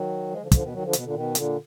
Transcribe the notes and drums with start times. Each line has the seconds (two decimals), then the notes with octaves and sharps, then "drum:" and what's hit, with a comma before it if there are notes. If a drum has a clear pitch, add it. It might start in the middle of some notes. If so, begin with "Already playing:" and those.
Already playing: D#3 F#3
0.31 F3 G#3
0.41 D3 F3
0.51 D3 F3, drum: kick, hi-hat
0.62 B2 D#3
0.73 D#3 F#3
0.83 D3 F3
0.93 B2, drum: hi-hat
1.04 A#2 D3
1.14 B2 D#3
1.35 A#2 D3, drum: hi-hat